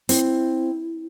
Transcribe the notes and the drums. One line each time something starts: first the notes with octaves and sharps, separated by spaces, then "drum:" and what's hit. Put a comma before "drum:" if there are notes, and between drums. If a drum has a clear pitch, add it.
C4 E4, drum: hi-hat